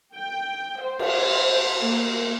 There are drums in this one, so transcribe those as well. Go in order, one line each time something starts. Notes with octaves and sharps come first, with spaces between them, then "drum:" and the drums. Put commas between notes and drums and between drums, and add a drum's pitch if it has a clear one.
G5
C5
drum: cymbal
A#3